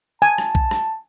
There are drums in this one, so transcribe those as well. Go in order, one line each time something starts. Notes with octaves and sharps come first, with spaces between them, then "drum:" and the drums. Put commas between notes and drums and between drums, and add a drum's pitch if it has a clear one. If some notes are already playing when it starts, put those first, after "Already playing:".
G#5 A5
drum: rim click
drum: kick B1
drum: rim click